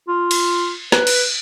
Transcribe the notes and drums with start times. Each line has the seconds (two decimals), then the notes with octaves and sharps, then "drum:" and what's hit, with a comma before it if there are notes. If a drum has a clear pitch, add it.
0.08 F4
0.31 drum: cymbal
0.92 B4, drum: snare
1.07 drum: cymbal